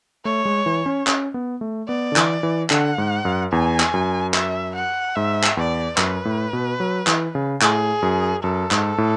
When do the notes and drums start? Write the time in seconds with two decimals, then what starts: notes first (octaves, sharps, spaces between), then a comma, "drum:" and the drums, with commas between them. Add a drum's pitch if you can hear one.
0.25 A3 C#5
0.45 G#3
0.66 E3
0.86 C#4
1.07 C#4, drum: clap
1.34 B3
1.61 A3
1.88 B3 D5
2.12 D3
2.16 E3, drum: clap
2.43 E3
2.70 D3 F#5, drum: clap
2.98 G#2
3.25 F#2
3.52 E2 G#5
3.80 drum: clap
3.94 F#2
4.34 E5, drum: clap
4.76 F#5
5.16 G#2 E5
5.43 drum: clap
5.57 E2 D5
5.97 F#2 B4, drum: clap
6.25 A2
6.53 B2
6.80 F#3
7.07 E3, drum: clap
7.35 C#3
7.61 A2 G#4, drum: clap
8.02 F#2
8.43 F#2 A4
8.71 G#2, drum: clap
8.98 A2